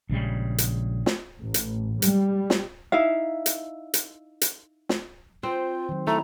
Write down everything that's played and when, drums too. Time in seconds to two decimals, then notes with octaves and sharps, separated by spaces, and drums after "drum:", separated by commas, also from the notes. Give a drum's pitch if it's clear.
0.09 A#1 C#3 G3 G#3
0.58 drum: hi-hat
1.06 drum: snare
1.41 A1
1.54 drum: hi-hat
2.02 G3, drum: hi-hat
2.50 drum: snare
2.92 D#4 E4 E5 F5
3.46 drum: hi-hat
3.94 drum: hi-hat
4.41 drum: hi-hat
4.89 drum: snare
5.43 C4 F4 C5
5.89 D#3 F#3
6.07 A3 E4 A#5